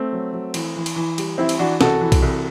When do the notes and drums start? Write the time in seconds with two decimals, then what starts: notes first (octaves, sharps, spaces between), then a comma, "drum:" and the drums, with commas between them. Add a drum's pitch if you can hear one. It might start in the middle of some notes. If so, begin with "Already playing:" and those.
Already playing: A3 C4
0.13 F#3
0.33 F#3
0.54 E3, drum: cymbal
0.76 E3
0.86 drum: cymbal
0.96 E3
1.18 G3, drum: cymbal
1.38 E3 C4 E4
1.49 drum: cymbal
1.59 E3 D4 F#4
1.81 C2 F#4 A4, drum: snare
2.01 E3
2.12 drum: kick, cymbal
2.22 C2